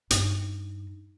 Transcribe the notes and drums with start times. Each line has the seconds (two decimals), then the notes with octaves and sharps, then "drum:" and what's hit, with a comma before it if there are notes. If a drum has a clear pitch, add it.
0.10 G2 D#4, drum: hi-hat